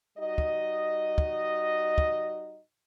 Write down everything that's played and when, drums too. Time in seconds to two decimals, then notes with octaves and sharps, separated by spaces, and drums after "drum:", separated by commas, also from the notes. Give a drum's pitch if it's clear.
0.18 G3 D#4 F#4 D#5
0.38 drum: kick
1.18 drum: kick
1.98 drum: kick